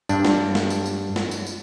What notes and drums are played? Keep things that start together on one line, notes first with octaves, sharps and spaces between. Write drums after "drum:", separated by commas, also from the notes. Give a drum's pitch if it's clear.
G2 D4, drum: tambourine
drum: snare
drum: snare
drum: tambourine
drum: tambourine
drum: snare
drum: tambourine
drum: tambourine